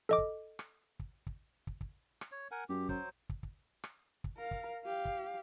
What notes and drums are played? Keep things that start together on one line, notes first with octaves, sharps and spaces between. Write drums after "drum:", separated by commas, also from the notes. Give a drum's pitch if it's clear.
A4 D#5 D6
drum: kick
drum: rim click
drum: kick
drum: kick
drum: kick
drum: kick
drum: rim click
C#5
A#4 F#5 G#5
F#2 G4
F#3 C5, drum: kick
drum: kick
drum: kick
drum: rim click
drum: kick
A#4 F5
drum: kick
G4 F5
drum: kick